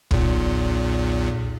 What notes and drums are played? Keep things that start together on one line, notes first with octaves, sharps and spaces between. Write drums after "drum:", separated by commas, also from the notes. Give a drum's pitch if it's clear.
B1 E2 A#2, drum: kick